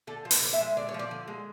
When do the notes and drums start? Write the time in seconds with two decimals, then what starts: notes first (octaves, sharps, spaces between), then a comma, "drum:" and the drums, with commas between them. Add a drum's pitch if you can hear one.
0.07 D3 A4
0.25 F3
0.31 B4, drum: open hi-hat
0.41 D3
0.53 E5
0.60 G#3
0.77 D3 D5
0.89 C#5
0.94 F3
0.99 D5
1.11 D3
1.28 G#3